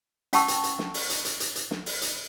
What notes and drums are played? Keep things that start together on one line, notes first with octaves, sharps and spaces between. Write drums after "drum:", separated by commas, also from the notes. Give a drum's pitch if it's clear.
C#4 F#5 G5 A5 C#6 E6, drum: hi-hat
drum: hi-hat
drum: hi-hat
drum: snare
drum: open hi-hat
drum: hi-hat
drum: hi-hat
drum: hi-hat
drum: hi-hat
drum: snare
drum: open hi-hat
drum: hi-hat